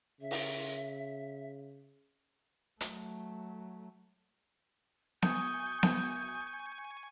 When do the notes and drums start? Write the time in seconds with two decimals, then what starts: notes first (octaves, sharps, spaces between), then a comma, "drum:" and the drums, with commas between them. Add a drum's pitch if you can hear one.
0.21 C#3 E5
0.31 drum: open hi-hat
2.81 F#3 A3, drum: hi-hat
5.22 G#5 C#6 D#6 G6, drum: snare B3
5.83 drum: snare B3